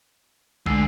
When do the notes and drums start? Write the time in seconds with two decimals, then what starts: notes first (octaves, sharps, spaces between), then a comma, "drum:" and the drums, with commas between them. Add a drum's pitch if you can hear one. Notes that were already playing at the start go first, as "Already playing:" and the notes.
0.66 D2 D3 G#3 G#5 E6 C7, drum: kick